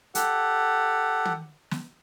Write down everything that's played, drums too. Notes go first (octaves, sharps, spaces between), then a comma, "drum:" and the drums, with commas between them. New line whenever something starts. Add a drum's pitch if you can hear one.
G4 A4 F#5, drum: hi-hat
drum: tom
drum: snare